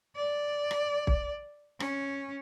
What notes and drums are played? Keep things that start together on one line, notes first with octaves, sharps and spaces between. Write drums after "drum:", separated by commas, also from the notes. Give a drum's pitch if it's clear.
D5
drum: rim click
drum: kick
C#4, drum: rim click